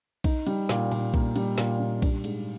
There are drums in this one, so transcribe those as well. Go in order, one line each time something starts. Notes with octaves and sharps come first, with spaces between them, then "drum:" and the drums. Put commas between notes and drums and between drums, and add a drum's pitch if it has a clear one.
D#4, drum: kick B1, cymbal
G3, drum: cymbal
A#2, drum: snare
A#2, drum: cymbal
A#3, drum: kick B1
G3, drum: cymbal
A#2, drum: snare
G3
D4, drum: kick B1, cymbal
G#2, drum: cymbal